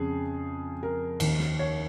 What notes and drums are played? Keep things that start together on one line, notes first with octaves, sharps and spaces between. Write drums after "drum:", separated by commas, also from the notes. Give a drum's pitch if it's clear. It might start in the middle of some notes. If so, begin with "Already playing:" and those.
Already playing: F2 C#3 G#4
A#4
D#2 D#3, drum: cymbal
drum: snare
C#5